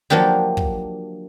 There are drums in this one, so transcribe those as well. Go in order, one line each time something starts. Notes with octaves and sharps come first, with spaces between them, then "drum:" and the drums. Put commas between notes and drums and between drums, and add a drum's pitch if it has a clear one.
F3 F#3 A#3 D4 G4
drum: kick